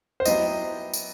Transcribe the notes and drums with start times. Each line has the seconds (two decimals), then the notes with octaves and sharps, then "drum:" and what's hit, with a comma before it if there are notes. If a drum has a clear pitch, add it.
0.20 C5
0.25 F#3 B3 E4 G4 D#5, drum: tambourine
0.94 drum: tambourine